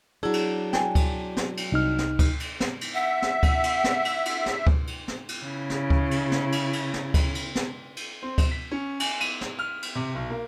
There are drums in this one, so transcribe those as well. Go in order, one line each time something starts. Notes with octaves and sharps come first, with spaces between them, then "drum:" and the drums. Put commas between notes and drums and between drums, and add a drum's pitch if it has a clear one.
F#3 D4 E4 G#4
drum: cymbal
G5 G#5, drum: snare
drum: kick D2, cymbal
drum: snare
drum: cymbal
C2 D#4 F6
drum: snare
drum: kick D2, cymbal
drum: cymbal
drum: snare
drum: cymbal
E5 F#5
drum: snare
drum: kick D2, cymbal
drum: cymbal
drum: snare
drum: cymbal
drum: cymbal
drum: snare
drum: kick D2
drum: cymbal
drum: snare
drum: cymbal
C#3 E4
drum: snare
drum: kick D2
drum: cymbal
drum: snare
drum: cymbal
drum: cymbal
drum: snare
drum: kick D2, cymbal
drum: cymbal
drum: snare
drum: cymbal
C4
drum: kick D2, cymbal
B6
C#4
G#5, drum: cymbal
D#7, drum: cymbal
drum: snare
F6
drum: cymbal
C3
B1
A#3